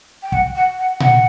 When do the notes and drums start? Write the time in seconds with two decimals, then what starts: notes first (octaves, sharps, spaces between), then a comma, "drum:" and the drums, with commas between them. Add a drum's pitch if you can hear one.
0.22 G5
0.32 F#5, drum: kick
0.55 F#5
0.78 F#5
1.00 F#5, drum: tom A#2